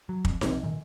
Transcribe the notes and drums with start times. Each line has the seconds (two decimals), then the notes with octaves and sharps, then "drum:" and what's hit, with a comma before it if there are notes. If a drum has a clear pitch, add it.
0.09 F#3
0.25 F2, drum: kick
0.41 F1 B1 F3 C4, drum: snare D#4
0.63 A#2 D#3 E3